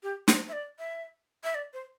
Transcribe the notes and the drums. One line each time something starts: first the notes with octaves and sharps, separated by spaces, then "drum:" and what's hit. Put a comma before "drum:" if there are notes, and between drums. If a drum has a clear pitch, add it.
G4
C5, drum: snare
E5
D5
E5
E5
D5
C5